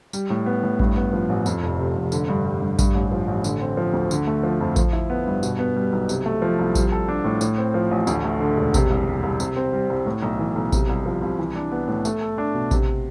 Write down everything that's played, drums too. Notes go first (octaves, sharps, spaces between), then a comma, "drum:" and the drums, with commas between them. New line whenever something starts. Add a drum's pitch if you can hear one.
G3, drum: tambourine
A2
B3
A2
G2, drum: kick A1
B3
F3
A1
F2, drum: tambourine
F1
C3
F1
D3, drum: tambourine
G2
G3
G2
G2, drum: kick A1, tambourine
A1
F3
A1
D3, drum: tambourine
C4
F3
D2
D3, drum: tambourine
A3
F3
F2
F3, drum: kick A1, tambourine
E4
B3
G2
B2, drum: tambourine
B3
G3
B1
C3, drum: tambourine
A3
F3
C2
G3, drum: kick A1, tambourine
A4
D4
A2
A2, drum: tambourine
C4
F3
A1
D2, drum: tambourine
A3
D3
E1
C3, drum: kick A1, tambourine
C2
G3
C2
C3, drum: tambourine
C4
G3
C2
A2
B1
E3
B1
C3, drum: kick A1, tambourine
C2
F3
C2
E3
D4
B3
A2
A3, drum: tambourine
A4
D4
B2
C3, drum: kick A1, tambourine